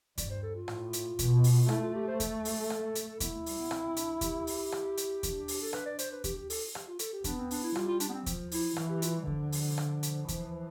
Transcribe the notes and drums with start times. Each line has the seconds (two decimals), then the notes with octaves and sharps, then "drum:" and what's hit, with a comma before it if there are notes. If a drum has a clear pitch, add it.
0.18 G2 D5, drum: kick D#2, hi-hat
0.30 C5
0.43 A4
0.55 F4
0.68 A2, drum: rim click
0.93 drum: hi-hat
1.19 B2, drum: kick D#2, hi-hat
1.44 drum: open hi-hat
1.63 F4
1.69 A3 E4, drum: rim click
1.82 F4
1.94 G4
2.07 C5
2.20 A4, drum: kick D#2, hi-hat
2.45 drum: open hi-hat
2.70 drum: rim click
2.95 drum: hi-hat
3.20 B3 E4, drum: kick D#2, hi-hat
3.33 A3
3.46 G3, drum: open hi-hat
3.58 B3
3.71 C4, drum: rim click
3.84 C4
3.97 D4, drum: hi-hat
4.21 G4, drum: kick D#2, hi-hat
4.47 drum: open hi-hat
4.72 drum: rim click
4.98 drum: hi-hat
5.23 D4, drum: kick D#2, hi-hat
5.48 drum: open hi-hat
5.62 A4
5.73 B4, drum: rim click
5.86 D5
5.99 C5, drum: hi-hat
6.12 B4
6.24 G4, drum: kick D#2, hi-hat
6.37 G4
6.50 A4, drum: open hi-hat
6.75 G4, drum: rim click
6.87 F4
6.99 A4, drum: hi-hat
7.13 G4
7.24 B3 D4, drum: kick D#2, hi-hat
7.37 C4
7.51 D4, drum: open hi-hat
7.63 E4
7.76 G3 F4, drum: rim click
7.88 F4
8.00 D4, drum: hi-hat
8.09 B3
8.13 C4
8.26 F3, drum: kick D#2, hi-hat
8.51 E4, drum: open hi-hat
8.76 E3, drum: rim click
8.89 G4
9.02 F4, drum: hi-hat
9.15 G3
9.27 D3 F3, drum: kick D#2
9.52 drum: open hi-hat
9.78 drum: rim click
10.03 drum: hi-hat
10.29 E3, drum: kick D#2, hi-hat